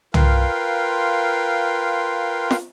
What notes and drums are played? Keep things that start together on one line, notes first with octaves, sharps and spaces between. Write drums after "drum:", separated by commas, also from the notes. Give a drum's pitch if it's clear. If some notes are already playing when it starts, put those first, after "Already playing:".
F4 A#4 B4 F5 G5 C6, drum: tom
drum: snare